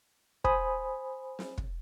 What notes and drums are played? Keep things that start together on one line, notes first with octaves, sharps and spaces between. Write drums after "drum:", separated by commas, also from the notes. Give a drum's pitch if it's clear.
C5 G#5 B5 D#6, drum: kick
drum: snare
drum: kick